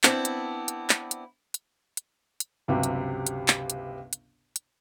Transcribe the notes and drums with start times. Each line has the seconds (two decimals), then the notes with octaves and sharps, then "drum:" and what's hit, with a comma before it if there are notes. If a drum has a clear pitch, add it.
0.03 B3 C4 D4 E4, drum: clap
0.25 drum: hi-hat
0.68 drum: hi-hat
0.90 drum: clap
1.11 drum: hi-hat
1.54 drum: hi-hat
1.97 drum: hi-hat
2.40 drum: hi-hat
2.68 G1 C#2 C3 F#3 G4
2.83 drum: hi-hat
3.27 drum: hi-hat
3.48 drum: clap
3.70 drum: hi-hat
4.13 drum: hi-hat
4.56 drum: hi-hat